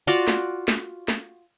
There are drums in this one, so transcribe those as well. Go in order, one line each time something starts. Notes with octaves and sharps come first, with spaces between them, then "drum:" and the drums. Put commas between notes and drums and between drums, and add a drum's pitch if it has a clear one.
F4 F#4 D5 F5
drum: snare
drum: snare
drum: snare